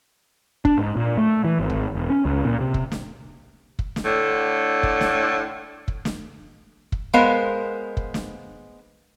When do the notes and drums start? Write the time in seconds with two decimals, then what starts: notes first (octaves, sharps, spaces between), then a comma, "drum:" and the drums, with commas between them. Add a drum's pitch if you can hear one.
0.65 D4, drum: kick
0.77 G#2
0.96 A#2
1.17 A3
1.44 E3
1.59 G#1
1.70 drum: kick
1.95 E1
2.10 C#4
2.25 C#2
2.45 A#2
2.60 C3
2.74 drum: kick
2.92 drum: snare
3.79 drum: kick
3.96 drum: snare
4.05 A2 D3
4.83 drum: kick
5.01 drum: snare
5.88 drum: kick
6.05 drum: snare
6.92 drum: kick
7.13 G#3 B3 A#4 C5 F5
7.97 drum: kick
8.14 drum: snare